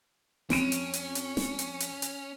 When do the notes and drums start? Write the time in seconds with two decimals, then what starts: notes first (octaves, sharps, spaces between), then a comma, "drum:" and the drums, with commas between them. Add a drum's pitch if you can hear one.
0.50 F2 C#4 D7 D#7, drum: snare
0.72 drum: hi-hat
0.94 drum: hi-hat
1.15 drum: hi-hat
1.37 drum: snare
1.59 drum: hi-hat
1.80 drum: hi-hat
2.02 drum: hi-hat